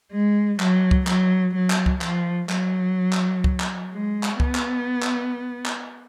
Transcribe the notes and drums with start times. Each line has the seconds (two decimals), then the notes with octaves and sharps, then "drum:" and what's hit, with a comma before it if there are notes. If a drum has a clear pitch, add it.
0.12 G#3
0.60 F#3, drum: clap
0.91 drum: kick C#2
1.07 F#3, drum: clap
1.55 F#3
1.70 drum: clap
1.86 drum: kick C#2
2.01 F3, drum: clap
2.49 F#3, drum: clap
3.13 drum: clap
3.44 drum: kick C#2
3.60 drum: clap
3.92 G#3
4.23 drum: clap
4.40 B3, drum: kick C#2
4.55 drum: clap
5.02 drum: clap
5.66 drum: clap